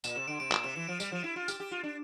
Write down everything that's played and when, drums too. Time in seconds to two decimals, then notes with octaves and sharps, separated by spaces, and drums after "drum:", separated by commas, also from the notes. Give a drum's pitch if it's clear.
0.04 A#2 E7, drum: tambourine
0.16 C3 E7
0.28 D3 D7
0.40 C3 D7
0.52 A#2 D7, drum: clap
0.64 C3 E7
0.76 E3 E7
0.87 F3 D7
1.00 G3, drum: tambourine
1.12 F3
1.24 E4
1.36 F4
1.48 G4, drum: tambourine
1.60 G4
1.71 F4
1.83 D4